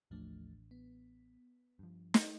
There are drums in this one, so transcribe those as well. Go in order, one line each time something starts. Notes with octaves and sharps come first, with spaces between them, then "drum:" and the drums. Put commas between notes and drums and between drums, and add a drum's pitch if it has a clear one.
A1 D#2 F3 A3 D4
B3
G2 F3
drum: snare